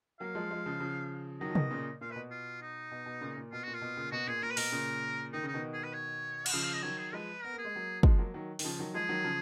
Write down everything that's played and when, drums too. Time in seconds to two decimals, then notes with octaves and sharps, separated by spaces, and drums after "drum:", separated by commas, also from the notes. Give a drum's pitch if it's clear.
0.20 F#3 A#3 F5
0.35 F3 G#3
0.50 F3 G#3
0.66 C#3 F3
0.80 C#3 F3
1.41 D#3 F#3 D#5
1.50 F3
1.55 B2 D#3, drum: tom C3
1.71 A#2 C#3
2.01 A#2 F5
2.11 B4
2.16 B2
2.31 F4
2.61 D#4
2.91 B2
3.06 B2
3.21 A#2 C#3
3.37 A#2
3.52 B2 F4
3.63 A#2 F#4
3.74 F4
3.81 B2
3.97 A#2 C#3
4.12 B2 F#4
4.27 A#2 G#4
4.42 A#2 A#4
4.50 B4
4.57 B2 A#4, drum: open hi-hat
4.72 A#2 C#3
5.33 D#3 D#4
5.43 C#3 D#4
5.54 B2 D#3
5.73 G#4
5.83 B4
5.93 C#5
6.46 F#5, drum: cymbal
6.53 C#3 F3 F5
6.63 F5
6.74 D#5
6.83 D#3 F#3 C#5
6.98 G#4
7.13 F3 G#3 B4
7.43 B3 A#4
7.54 A#3 G#4
7.65 G#3
7.75 F#3 A#3
8.03 F3 G#3, drum: kick
8.18 F#3 A#3
8.34 D#3 F#3
8.59 D#3, drum: open hi-hat
8.64 C#3 F3
8.79 D#3 F#3
8.94 F3 G#3 G#4
9.09 D#3 F#3
9.24 C#3 F3